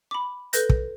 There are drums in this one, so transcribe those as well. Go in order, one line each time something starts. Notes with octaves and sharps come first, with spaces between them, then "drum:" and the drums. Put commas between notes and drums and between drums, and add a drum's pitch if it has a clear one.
B5 D6
A4 B4 G6 A#6, drum: hi-hat
drum: kick